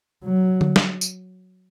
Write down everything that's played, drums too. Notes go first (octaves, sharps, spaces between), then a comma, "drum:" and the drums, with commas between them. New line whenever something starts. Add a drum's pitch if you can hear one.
F#3
drum: tom D3
drum: snare
drum: tambourine